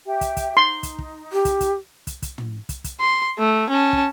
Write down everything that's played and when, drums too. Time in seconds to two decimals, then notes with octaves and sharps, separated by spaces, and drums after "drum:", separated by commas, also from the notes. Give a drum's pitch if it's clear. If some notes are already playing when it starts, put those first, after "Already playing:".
0.06 G4 E5 G5
0.21 drum: kick, hi-hat
0.37 drum: kick, hi-hat
0.57 D#4 C6
0.83 drum: kick, hi-hat
0.99 drum: kick
1.33 G4
1.45 drum: kick, hi-hat
1.60 drum: kick, hi-hat
2.07 drum: kick, hi-hat
2.22 drum: kick, hi-hat
2.38 drum: tom
2.69 drum: kick, hi-hat
2.84 drum: kick, hi-hat
3.00 C6
3.39 A3
3.70 C#4 A5
3.93 drum: kick